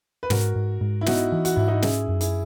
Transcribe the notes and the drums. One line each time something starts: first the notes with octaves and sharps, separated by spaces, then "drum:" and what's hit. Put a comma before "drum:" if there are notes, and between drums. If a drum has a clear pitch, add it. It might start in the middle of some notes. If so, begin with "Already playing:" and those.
B4
G#2 F#4 A#4, drum: snare
G#2
G#2
E4
B3 D#4 F#4, drum: snare
E3
F#4, drum: hi-hat
G#2 E4
D#4 F#4
C#4 E4 G#4, drum: snare
F#2
E4 G#4, drum: hi-hat